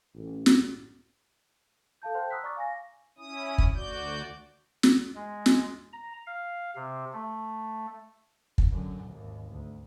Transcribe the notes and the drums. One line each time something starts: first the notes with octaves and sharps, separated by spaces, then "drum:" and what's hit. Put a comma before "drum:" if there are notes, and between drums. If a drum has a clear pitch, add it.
A1
drum: snare
A4 F5 A5 G6
C5 F#5 G5 A5 C6 G6
A#5 D#6 E6 F#6 B6
D5 A#5 C#6 D6 F6 A6
F5 G#5 A#6
C#4 E4 D#6
drum: kick
D2 F#4 D5 G6
drum: snare
G#3
drum: snare
A#5
F5
C3
A3
drum: kick
F#2 D3
G#1 D#2
D2